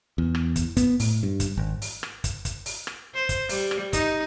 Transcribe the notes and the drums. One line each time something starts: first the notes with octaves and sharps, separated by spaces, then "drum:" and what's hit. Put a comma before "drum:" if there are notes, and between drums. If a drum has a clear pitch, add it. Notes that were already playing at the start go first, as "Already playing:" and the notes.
E2
drum: rim click
drum: kick, hi-hat
B3, drum: kick, hi-hat
A2, drum: open hi-hat
G2
drum: kick, hi-hat
G#1
drum: open hi-hat
drum: rim click
drum: kick, hi-hat
drum: kick, hi-hat
drum: open hi-hat
drum: rim click
C5
drum: kick, hi-hat
G3, drum: open hi-hat
drum: rim click
D#4, drum: kick, hi-hat